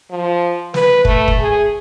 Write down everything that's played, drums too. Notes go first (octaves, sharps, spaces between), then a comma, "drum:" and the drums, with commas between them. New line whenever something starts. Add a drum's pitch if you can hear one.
F3
B4, drum: snare
A3, drum: kick
drum: kick
G#4